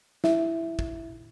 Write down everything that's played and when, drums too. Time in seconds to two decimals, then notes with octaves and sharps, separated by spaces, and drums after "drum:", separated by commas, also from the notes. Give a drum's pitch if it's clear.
0.24 E4 E5, drum: snare
0.79 drum: kick